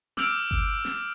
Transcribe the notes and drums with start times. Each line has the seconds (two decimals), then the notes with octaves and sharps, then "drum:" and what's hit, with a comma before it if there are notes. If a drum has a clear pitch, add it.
0.17 D6 E6 F6 G6 D7 F7, drum: snare
0.51 drum: kick G1
0.85 drum: snare